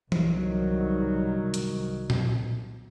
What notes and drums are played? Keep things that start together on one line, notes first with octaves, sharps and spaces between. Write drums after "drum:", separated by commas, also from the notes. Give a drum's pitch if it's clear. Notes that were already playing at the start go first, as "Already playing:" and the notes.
C2 D#3 F#3, drum: tom E3
drum: hi-hat
drum: tom